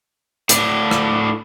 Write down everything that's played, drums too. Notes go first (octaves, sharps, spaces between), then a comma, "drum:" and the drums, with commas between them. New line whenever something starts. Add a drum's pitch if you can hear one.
A2 D4, drum: hi-hat
drum: rim click